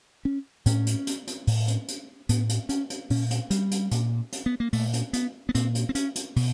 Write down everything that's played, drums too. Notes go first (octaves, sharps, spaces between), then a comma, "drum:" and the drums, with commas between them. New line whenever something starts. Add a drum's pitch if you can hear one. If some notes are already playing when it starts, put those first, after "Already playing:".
C#4
A2 C#4, drum: hi-hat
drum: hi-hat
drum: hi-hat
drum: hi-hat
A2, drum: open hi-hat
drum: hi-hat
drum: hi-hat
A2 B3, drum: hi-hat
drum: hi-hat
C#4, drum: hi-hat
drum: hi-hat
A#2 C#4, drum: open hi-hat
drum: hi-hat
G3, drum: hi-hat
drum: hi-hat
A#2, drum: hi-hat
drum: hi-hat
B3
A#3
A#2 A3, drum: open hi-hat
drum: hi-hat
B3, drum: hi-hat
B3
A#2 C4, drum: hi-hat
drum: hi-hat
C4
C#4, drum: hi-hat
drum: hi-hat
B2, drum: open hi-hat